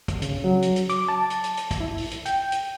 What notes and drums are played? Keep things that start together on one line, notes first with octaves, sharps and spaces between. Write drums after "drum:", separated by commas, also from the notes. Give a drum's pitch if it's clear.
drum: kick, hi-hat
C#3, drum: hi-hat
F#3
drum: hi-hat
drum: hi-hat
D6, drum: hi-hat
A5
drum: hi-hat
drum: hi-hat
drum: hi-hat
drum: kick, hi-hat
E4
drum: open hi-hat
drum: hi-hat
G5, drum: hi-hat
drum: hi-hat